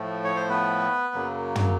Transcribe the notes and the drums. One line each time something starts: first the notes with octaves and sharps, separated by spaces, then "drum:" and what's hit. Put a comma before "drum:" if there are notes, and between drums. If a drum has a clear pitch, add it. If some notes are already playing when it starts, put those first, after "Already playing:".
Already playing: A2 F3 A3
C#5
C5
B3 B4
F#2 C#3 F#3 A#3
drum: tom